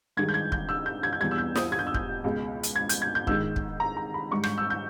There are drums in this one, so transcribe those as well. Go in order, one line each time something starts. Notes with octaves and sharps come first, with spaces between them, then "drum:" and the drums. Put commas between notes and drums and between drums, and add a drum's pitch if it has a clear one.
G2 D#3 G#3 G#6
G6
G#6
G6, drum: kick
E6
G6
G#6
G6
E2 B2 G3 G#6
E6
G6
D#6, drum: snare
G#6
G6
E6
G6, drum: kick
C#2 B2 G#3
drum: hi-hat
G#6
G6, drum: hi-hat
G#6
G6
G#2 D#3 G#3 E6, drum: kick
drum: kick
A#5
A#5
B5
G#2 G3 C#6
G6, drum: rim click
E6
G6